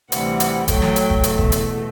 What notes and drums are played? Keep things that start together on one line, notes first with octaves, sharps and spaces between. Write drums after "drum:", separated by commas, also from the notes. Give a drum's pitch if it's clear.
D2 C3 E3 G3 F#5, drum: hi-hat
drum: hi-hat
A2 F#3 A3 G5, drum: kick, hi-hat
drum: snare
drum: hi-hat
drum: kick
E2 B2 A3, drum: hi-hat
drum: kick
drum: hi-hat